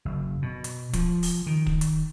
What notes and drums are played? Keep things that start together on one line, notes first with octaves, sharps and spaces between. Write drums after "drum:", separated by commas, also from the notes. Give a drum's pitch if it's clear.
F#1
B2
drum: hi-hat
F3, drum: kick, hi-hat
drum: open hi-hat
D#3
drum: kick
drum: hi-hat